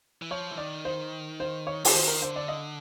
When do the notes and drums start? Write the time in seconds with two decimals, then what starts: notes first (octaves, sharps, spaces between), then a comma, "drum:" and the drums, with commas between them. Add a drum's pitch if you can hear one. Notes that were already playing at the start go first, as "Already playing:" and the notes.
0.22 E3
0.30 F3 C#5
0.51 E3
0.57 D#3 D5
0.85 C5
1.40 C5
1.67 C#5
1.85 D3, drum: open hi-hat
1.94 D#3 C5
2.08 A#4
2.22 D3 C5
2.36 D5
2.48 D#5